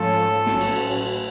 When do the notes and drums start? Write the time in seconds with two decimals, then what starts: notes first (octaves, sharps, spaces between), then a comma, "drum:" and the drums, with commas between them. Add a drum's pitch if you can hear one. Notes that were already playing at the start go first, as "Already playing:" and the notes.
Already playing: G#2 F3 A3 C#4 F4 A4
0.47 A1 A2 F#3 C#4, drum: snare
0.61 drum: cymbal
0.76 drum: cymbal
0.91 drum: cymbal
1.06 drum: cymbal